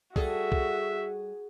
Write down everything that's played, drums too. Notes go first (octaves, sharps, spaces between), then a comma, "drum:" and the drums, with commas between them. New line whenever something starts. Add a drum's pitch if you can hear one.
G3 F#4 G#4 A4 E5, drum: kick C2
drum: kick C2